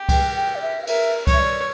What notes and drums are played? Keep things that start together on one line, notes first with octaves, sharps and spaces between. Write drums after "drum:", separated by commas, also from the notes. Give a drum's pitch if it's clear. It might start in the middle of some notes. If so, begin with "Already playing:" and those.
Already playing: G4
G5, drum: kick C2, cymbal
G5
D5
E5
F5
A#4 E5, drum: cymbal
C#5, drum: kick C2, cymbal
E5
D5